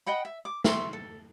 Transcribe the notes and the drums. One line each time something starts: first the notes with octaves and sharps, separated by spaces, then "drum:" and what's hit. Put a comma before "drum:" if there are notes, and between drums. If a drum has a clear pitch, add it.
D#5 F#5 G5 B5
E5
D6
E5 C6 C#6, drum: snare
A4